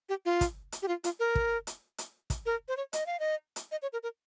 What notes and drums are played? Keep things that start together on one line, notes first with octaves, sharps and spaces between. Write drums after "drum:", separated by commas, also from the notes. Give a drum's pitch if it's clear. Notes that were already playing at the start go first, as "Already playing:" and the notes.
G4
F4
drum: kick, hi-hat
drum: hi-hat
G4
F4
F4, drum: hi-hat
A#4
drum: kick
drum: hi-hat
drum: hi-hat
drum: kick, hi-hat
A#4
C5
C#5
D#5, drum: hi-hat
F5
D#5
drum: hi-hat
D#5
C#5
A#4
A#4